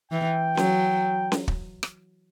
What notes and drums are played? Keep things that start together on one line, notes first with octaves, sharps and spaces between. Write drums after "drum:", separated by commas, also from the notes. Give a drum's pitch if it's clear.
E3 G5
F#3, drum: snare C#4
drum: snare C#4
drum: kick
drum: rim click